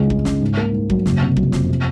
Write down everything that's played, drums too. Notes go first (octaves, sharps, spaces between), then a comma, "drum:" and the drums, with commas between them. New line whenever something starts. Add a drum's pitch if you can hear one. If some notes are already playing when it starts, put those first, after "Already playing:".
Already playing: C#2 G#3
C#2, drum: kick
C#3, drum: snare
G#2
A#3
G#2
F#3, drum: kick
F#1, drum: snare
C3
F#3, drum: kick
F2, drum: snare
C3